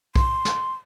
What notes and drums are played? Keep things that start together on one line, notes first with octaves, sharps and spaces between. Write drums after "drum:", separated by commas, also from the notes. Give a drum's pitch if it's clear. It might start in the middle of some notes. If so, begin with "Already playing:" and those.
C6, drum: kick B1
drum: snare